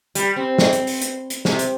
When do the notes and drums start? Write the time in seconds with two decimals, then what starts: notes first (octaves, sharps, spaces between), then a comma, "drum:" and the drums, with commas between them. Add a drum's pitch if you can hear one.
0.15 G3, drum: hi-hat
0.36 C4
0.58 drum: snare
0.73 drum: hi-hat
0.87 drum: open hi-hat
1.02 drum: hi-hat
1.30 drum: hi-hat
1.45 C3, drum: snare
1.59 drum: hi-hat